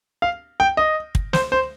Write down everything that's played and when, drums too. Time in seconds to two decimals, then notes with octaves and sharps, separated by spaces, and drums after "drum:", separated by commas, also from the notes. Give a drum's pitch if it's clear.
0.22 F5
0.60 G5
0.77 D#5
1.15 drum: kick
1.33 C5, drum: snare
1.52 C5